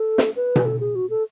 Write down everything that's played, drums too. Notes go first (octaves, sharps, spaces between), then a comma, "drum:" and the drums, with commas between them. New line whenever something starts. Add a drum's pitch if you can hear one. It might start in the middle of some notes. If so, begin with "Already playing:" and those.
Already playing: A4
drum: snare
B4
drum: tom B2
A4
G#4
F#4
A4